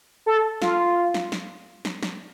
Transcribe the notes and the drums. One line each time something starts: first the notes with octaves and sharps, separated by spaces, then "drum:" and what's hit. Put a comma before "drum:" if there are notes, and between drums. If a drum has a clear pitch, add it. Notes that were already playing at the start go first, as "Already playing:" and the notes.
A4
F4, drum: snare
drum: snare
drum: snare
drum: snare
drum: snare